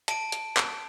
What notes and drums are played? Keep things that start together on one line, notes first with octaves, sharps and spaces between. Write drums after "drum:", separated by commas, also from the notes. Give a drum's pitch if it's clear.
A5 D7, drum: hi-hat
drum: hi-hat
drum: clap